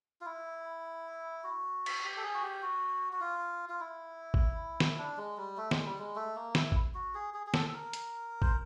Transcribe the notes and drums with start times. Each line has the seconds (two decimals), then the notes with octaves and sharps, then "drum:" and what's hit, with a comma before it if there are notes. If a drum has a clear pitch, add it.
0.21 F4
0.26 E4
1.44 F#4
1.86 drum: cymbal
2.03 G4
2.17 A4
2.22 G#4
2.34 F#4
2.42 G4
2.62 F#4
3.13 F#4
3.21 F4
3.69 F4
3.80 E4
4.34 drum: kick G#1
4.80 drum: snare
4.98 D4
5.17 G#3
5.37 G3
5.57 A3
5.71 G#3, drum: snare
5.85 G3
5.99 G#3
6.16 A3
6.36 A#3
6.55 E4, drum: snare
6.72 drum: kick G#1
6.95 F#4
7.14 G#4
7.34 G#4
7.47 G#4
7.54 A4, drum: snare
7.69 A4
7.74 A#4
7.93 drum: hi-hat
8.42 C5, drum: kick G#1